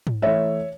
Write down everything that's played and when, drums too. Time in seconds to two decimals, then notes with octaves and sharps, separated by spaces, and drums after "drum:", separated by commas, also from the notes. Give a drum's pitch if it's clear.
0.07 drum: tom G#2
0.22 E3 A3 C#5 E5